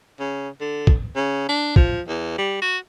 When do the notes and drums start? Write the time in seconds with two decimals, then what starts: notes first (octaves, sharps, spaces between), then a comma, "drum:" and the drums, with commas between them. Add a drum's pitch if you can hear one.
0.20 C#3
0.61 D3
0.87 drum: kick
1.16 C#3
1.49 D4
1.76 F3, drum: kick
2.08 E2
2.38 G3
2.62 F#4